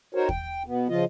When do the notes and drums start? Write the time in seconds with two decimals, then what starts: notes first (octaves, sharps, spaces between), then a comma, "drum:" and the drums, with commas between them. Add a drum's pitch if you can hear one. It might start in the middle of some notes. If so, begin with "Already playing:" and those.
0.15 D#4 F#4 A#4 C5 C#5
0.29 G5, drum: kick
0.66 B2 B3
0.89 C#3 F3 F4 D#5